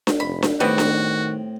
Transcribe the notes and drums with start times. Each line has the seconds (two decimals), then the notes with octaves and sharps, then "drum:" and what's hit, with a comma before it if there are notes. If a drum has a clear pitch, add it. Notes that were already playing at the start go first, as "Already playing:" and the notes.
0.07 drum: snare D4
0.20 F1 B5
0.42 drum: snare D4
0.60 A2 D#3 G3 B3 C4 F#4 D6
0.78 drum: snare D4